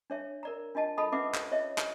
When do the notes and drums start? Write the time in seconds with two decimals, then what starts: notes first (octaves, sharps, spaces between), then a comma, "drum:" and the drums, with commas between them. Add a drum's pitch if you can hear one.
0.10 D4 C#5 E5
0.43 A#4 D5 A#5
0.75 D4 F4 D#5 A5
0.98 F4 A4 D#5 A5 B5 D#6
1.13 C#4 D#4 B4 E5 F#5 D6
1.34 drum: clap
1.51 F4 C#5 D#5 E5
1.78 drum: clap